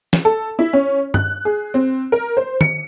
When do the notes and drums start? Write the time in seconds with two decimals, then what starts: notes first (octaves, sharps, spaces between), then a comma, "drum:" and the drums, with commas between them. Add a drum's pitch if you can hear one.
0.13 drum: snare
0.25 A4
0.59 E4
0.73 C#4
1.14 F#6, drum: tom G2
1.45 G#4
1.74 C4
2.12 A#4
2.37 C5
2.61 C#7, drum: tom